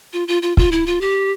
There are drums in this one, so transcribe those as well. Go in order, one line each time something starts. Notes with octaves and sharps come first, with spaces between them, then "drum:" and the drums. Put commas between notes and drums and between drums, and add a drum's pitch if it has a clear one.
F4
F4
F4
F4, drum: kick
E4
F4
G4